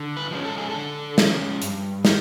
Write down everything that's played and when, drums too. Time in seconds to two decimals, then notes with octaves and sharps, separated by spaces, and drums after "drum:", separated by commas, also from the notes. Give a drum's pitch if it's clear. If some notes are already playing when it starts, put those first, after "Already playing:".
Already playing: D3
0.17 B4
0.31 F3 G#3 C#4
0.45 A4
0.58 G#4
0.70 D3 A4
1.18 F3 G#3 C#4, drum: snare
1.62 G2, drum: hi-hat
2.05 D#3, drum: snare